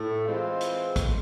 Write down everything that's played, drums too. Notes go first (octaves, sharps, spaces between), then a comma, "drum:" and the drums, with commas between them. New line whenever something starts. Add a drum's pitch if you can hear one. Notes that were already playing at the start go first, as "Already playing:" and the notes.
Already playing: A2 A3
E3 G#3 C4 F4
drum: hi-hat
drum: kick, hi-hat